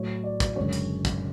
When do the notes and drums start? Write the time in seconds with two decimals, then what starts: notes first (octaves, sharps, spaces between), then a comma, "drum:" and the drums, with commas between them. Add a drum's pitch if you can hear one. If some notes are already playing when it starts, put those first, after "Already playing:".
Already playing: A2 F#3 A3 E4 C#5
0.24 D5
0.40 drum: kick, hi-hat
0.56 F#1 F#2 D3 G#3 C#4 C#5
0.73 drum: hi-hat
1.05 drum: kick, hi-hat